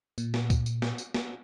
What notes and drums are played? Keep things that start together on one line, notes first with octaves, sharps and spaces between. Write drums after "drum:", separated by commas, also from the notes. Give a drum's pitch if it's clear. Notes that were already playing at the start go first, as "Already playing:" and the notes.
A#2, drum: tambourine
drum: snare
drum: kick C#2, tambourine
drum: tambourine
drum: snare
drum: tambourine
drum: snare